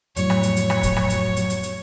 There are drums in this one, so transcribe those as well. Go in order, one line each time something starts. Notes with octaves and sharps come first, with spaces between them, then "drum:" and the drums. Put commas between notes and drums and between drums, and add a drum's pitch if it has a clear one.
F2 A2 F3 F#3 C#5, drum: hi-hat
drum: rim click
drum: hi-hat
drum: hi-hat
drum: rim click
drum: kick, hi-hat
drum: rim click
drum: hi-hat
drum: hi-hat
drum: hi-hat
drum: hi-hat